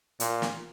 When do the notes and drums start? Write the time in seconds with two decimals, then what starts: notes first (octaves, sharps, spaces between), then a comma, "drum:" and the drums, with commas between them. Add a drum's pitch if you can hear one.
0.20 A#2, drum: hi-hat
0.42 drum: snare